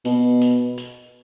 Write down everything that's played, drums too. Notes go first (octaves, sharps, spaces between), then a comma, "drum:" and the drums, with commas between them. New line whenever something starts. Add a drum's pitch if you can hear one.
B2, drum: tambourine
drum: tambourine
drum: tambourine